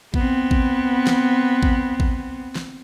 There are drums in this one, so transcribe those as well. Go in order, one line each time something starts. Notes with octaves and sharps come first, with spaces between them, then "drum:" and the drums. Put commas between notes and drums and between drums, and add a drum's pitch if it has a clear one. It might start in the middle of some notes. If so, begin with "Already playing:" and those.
B3 C4, drum: kick A1
drum: kick A1
drum: snare
drum: kick A1
drum: kick A1
drum: snare